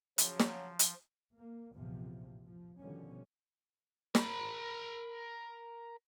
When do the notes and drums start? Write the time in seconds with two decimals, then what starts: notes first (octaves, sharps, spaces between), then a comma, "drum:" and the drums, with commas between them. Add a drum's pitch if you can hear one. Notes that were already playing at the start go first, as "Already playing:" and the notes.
0.18 C#3 F3 F#3, drum: hi-hat
0.40 drum: snare
0.79 drum: hi-hat
1.36 A#3
1.73 A#1 E2 A2 C3 F3
2.46 F3
2.79 B2 D3 D#3 F3 G3 C#4
4.15 A#4 B5, drum: snare